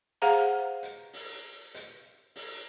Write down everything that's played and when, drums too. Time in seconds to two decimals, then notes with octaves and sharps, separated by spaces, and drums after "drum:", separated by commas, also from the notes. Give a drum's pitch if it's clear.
0.22 G#4 C5 F5 F#5 A#5
0.83 drum: hi-hat
1.13 drum: open hi-hat
1.74 drum: hi-hat
2.36 drum: open hi-hat